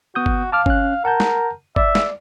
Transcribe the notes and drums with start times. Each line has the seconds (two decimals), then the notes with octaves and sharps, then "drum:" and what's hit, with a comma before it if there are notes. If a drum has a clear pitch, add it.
0.15 B3 F#4 D#6 G6
0.26 drum: kick G1
0.52 F5 A5 D6 F6
0.66 C#4 F#6, drum: kick G1
1.05 A#4 F#5 A5 G6
1.20 drum: snare
1.76 D5 E5, drum: kick G1
1.95 drum: snare